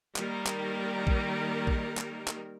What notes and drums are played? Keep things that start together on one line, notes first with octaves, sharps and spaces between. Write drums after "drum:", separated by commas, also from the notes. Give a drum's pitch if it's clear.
D#3 G3 A#3 A#4, drum: clap
drum: clap
drum: kick A#1
drum: kick A#1
drum: clap
drum: clap